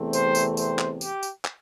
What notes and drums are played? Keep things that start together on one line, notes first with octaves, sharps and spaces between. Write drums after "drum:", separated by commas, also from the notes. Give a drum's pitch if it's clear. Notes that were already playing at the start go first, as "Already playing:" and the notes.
Already playing: E2 C3 A3 C4
C5, drum: tambourine
drum: tambourine
C5, drum: tambourine
drum: clap
G4, drum: tambourine
drum: tambourine
drum: clap